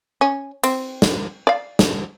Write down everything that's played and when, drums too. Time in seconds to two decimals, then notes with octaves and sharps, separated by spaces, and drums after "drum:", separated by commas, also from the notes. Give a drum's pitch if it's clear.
0.21 C#4
0.64 C4, drum: cymbal
1.02 drum: snare
1.47 D5 F5
1.79 drum: snare